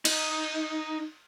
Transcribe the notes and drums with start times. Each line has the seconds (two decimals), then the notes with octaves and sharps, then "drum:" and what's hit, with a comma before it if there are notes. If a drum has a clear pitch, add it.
0.05 D#4, drum: cymbal